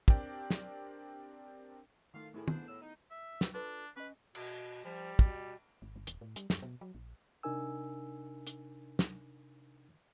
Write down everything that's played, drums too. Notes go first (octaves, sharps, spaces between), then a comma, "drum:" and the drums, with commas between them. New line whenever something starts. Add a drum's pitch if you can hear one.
C4 D4 G4 A#4 D5 G5, drum: kick
drum: snare
D#3 A3 F4 F5
C2 A2 D#3 A3 E4 G#4
D3 B3 D4 C5, drum: tom
A2 E6
D#4
E5
F#4 B4 C5, drum: snare
D4 F4 A4 B4
C#4 B4 D#5
B2, drum: cymbal
F3 G3
B2, drum: kick
G#1
G1
D#1, drum: hi-hat
A2
G3, drum: hi-hat
F#2, drum: snare
B2
F#3
A#1
C3 D4 D#4 A#4 G#5 E6
drum: hi-hat
drum: snare